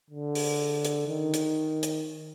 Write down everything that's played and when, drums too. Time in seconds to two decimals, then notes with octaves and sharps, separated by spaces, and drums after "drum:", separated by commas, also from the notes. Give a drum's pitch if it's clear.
0.11 D3
0.35 drum: open hi-hat
0.84 drum: hi-hat
1.08 D#3
1.33 drum: hi-hat
1.83 drum: hi-hat